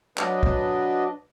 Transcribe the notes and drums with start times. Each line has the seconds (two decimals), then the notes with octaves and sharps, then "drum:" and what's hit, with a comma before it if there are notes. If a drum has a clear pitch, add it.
0.18 F#3 D4 B4 D5 D#5, drum: clap
0.43 drum: kick